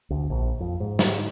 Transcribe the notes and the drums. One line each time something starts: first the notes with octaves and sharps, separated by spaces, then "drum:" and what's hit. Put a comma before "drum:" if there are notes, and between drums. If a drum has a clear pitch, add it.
D2
A#1
F2
G#2
drum: snare